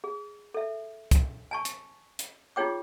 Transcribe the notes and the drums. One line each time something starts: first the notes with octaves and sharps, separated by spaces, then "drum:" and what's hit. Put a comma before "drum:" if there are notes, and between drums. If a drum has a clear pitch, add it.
G#4
A4 E5
drum: kick, hi-hat
G#5 A5 C#6
drum: hi-hat
drum: hi-hat
D#4 F4 G#4 C#5 G5 D6